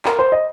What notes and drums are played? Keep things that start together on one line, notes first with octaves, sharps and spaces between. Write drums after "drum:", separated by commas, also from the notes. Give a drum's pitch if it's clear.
A#4, drum: clap
C5
D#5